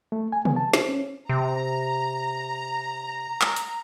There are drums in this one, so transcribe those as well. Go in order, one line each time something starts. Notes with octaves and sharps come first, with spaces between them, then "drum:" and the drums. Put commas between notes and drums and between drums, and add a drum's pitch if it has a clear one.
A3
G#5
B3, drum: tom C3
A5
C5, drum: snare
C#4
C3 A#5
drum: clap
drum: hi-hat